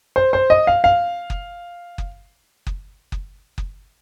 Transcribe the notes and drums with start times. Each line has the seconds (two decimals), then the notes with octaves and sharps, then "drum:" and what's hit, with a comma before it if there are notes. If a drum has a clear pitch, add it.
0.16 C5
0.33 C5
0.50 D#5
0.67 F5
0.84 F5
1.30 drum: kick F#1
1.98 drum: kick F#1
2.67 drum: kick F#1
3.12 drum: kick F#1
3.58 drum: kick F#1